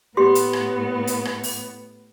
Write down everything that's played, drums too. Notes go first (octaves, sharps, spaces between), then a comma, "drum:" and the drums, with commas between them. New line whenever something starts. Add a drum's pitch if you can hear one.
A2 B3 G4 C6
drum: hi-hat
drum: rim click
drum: hi-hat
drum: rim click
drum: open hi-hat